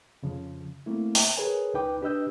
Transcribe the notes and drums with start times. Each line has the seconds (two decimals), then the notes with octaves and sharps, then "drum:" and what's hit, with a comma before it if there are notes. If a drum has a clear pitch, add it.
0.23 F2 C#3 F3
0.86 A3 A#3 C4 E4
1.15 drum: open hi-hat
1.37 G#4 A#4 B4 C#5 G#5
1.74 C#2 D#4 B4 G5 D6
2.02 D4 G4 B4 D#5 E6 G6